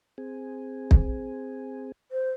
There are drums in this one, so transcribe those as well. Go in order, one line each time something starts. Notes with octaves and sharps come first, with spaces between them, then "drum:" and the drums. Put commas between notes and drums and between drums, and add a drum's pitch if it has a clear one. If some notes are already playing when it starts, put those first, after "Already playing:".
C4 G#4
drum: kick
C5